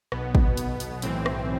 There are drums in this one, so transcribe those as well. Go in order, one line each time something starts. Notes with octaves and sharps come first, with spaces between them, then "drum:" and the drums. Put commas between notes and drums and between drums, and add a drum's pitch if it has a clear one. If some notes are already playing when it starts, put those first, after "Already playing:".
B1 B2 B3, drum: rim click
drum: kick
drum: hi-hat
drum: hi-hat
B1 A2 E3 C4, drum: hi-hat
drum: rim click